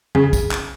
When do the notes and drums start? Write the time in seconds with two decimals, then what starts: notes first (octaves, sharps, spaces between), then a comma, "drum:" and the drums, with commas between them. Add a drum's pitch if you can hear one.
0.15 C#3, drum: tom F2
0.33 drum: kick, tambourine
0.51 drum: clap